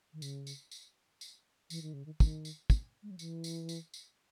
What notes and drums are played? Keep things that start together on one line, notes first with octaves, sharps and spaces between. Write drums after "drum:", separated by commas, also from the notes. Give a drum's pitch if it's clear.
D#3
C#3, drum: tambourine
drum: tambourine
drum: tambourine
drum: tambourine
E3, drum: tambourine
D#3
C#3
D#3
D#3, drum: kick, tambourine
drum: tambourine
drum: kick, tambourine
G#3
F#3
E3, drum: tambourine
drum: tambourine
drum: tambourine
drum: tambourine